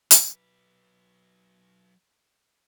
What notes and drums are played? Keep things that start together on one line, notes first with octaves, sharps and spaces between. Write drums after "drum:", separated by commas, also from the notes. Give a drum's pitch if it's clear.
F#3 B4, drum: hi-hat